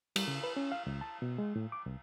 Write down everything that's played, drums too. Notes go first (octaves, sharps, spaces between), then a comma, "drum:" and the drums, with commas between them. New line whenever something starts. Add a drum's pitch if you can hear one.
G3, drum: cymbal
C#3
B4
C#4
F5
C#2
A5
B2
G#3
A2
D6
C2